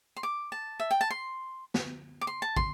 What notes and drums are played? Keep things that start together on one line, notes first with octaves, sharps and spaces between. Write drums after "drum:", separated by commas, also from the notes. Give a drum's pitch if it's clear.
C6
D6
A5
E5
G5
A5
C6
drum: snare
D6
C6
A5
C6, drum: kick